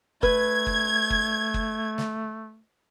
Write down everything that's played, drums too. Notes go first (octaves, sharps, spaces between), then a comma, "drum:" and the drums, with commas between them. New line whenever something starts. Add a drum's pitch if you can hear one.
A3 B4 G#6, drum: kick F#1
drum: kick F#1
drum: kick F#1
drum: kick F#1
drum: snare